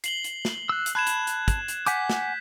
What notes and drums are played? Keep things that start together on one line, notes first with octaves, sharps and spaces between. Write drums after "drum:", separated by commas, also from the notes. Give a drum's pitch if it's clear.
C7 F#7 G7, drum: hi-hat
drum: hi-hat
drum: snare
E6 F#6
drum: hi-hat
A5 B5 F#6 G#6 E7
drum: hi-hat
drum: hi-hat
drum: kick, hi-hat
drum: hi-hat
F#5 G#5 D6 G6 B6, drum: hi-hat
drum: snare